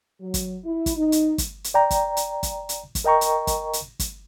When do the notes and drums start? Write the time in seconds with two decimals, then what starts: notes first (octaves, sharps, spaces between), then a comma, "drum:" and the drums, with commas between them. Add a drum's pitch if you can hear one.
0.21 F#3
0.34 drum: kick, hi-hat
0.64 E4
0.86 drum: kick, hi-hat
0.97 D#4
1.12 drum: hi-hat
1.38 drum: kick, hi-hat
1.64 drum: hi-hat
1.74 D5 G5 A#5
1.90 drum: kick, hi-hat
2.17 drum: hi-hat
2.43 drum: kick, hi-hat
2.69 drum: hi-hat
2.95 drum: kick, hi-hat
3.04 A#4 D#5 G5 A#5 C#6
3.21 drum: hi-hat
3.47 drum: kick, hi-hat
3.73 drum: hi-hat
3.99 drum: kick, hi-hat